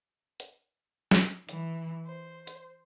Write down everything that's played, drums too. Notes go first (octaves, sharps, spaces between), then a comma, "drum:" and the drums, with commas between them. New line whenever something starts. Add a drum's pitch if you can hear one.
drum: hi-hat
drum: snare
E3, drum: hi-hat
C5
drum: hi-hat